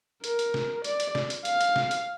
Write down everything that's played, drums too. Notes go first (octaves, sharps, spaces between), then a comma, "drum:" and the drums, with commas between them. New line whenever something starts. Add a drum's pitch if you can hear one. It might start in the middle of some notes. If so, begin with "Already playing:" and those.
A#4, drum: hi-hat
drum: hi-hat
drum: snare
D5, drum: hi-hat
drum: hi-hat
drum: snare
drum: hi-hat
F5, drum: hi-hat
drum: hi-hat
drum: snare
drum: hi-hat